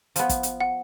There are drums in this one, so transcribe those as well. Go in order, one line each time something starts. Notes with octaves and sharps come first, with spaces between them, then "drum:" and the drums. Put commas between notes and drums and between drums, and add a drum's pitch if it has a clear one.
F3 B3, drum: hi-hat
drum: kick, hi-hat
drum: hi-hat
F#5